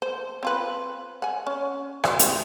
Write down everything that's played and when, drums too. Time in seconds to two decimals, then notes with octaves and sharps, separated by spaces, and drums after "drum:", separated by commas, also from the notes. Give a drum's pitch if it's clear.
0.02 C5
0.43 C4 F4 B4
1.22 F#5 G#5
1.47 C#4
2.04 F#4 C5 D5, drum: rim click
2.19 E4 G4 C5, drum: hi-hat